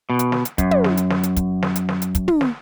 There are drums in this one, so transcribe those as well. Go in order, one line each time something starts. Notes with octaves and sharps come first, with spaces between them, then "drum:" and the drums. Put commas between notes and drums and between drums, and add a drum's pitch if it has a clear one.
B2
drum: hi-hat
drum: snare
drum: hi-hat
F#2, drum: kick, hi-hat
drum: tom
drum: snare
drum: hi-hat
drum: snare
drum: hi-hat
drum: kick, hi-hat
drum: snare
drum: hi-hat
drum: snare
drum: hi-hat
drum: kick, hi-hat
drum: tom
drum: snare